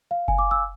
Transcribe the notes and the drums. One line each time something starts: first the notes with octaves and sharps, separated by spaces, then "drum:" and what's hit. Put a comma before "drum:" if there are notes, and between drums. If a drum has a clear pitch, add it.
F5
G#5, drum: kick F#1
D6
E6